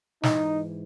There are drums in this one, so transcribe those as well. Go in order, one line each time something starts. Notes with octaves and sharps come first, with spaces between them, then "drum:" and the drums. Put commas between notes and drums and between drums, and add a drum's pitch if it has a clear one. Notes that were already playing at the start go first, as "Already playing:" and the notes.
G#2 E3 D#4, drum: snare